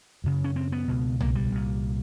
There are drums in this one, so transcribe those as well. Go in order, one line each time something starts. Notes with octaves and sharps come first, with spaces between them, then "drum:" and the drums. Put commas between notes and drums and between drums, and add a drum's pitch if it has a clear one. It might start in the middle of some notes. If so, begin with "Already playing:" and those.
F#2 C#3
C#4
C4
B3
C#2 B2
A#3, drum: tom B1
G3
C2 A#2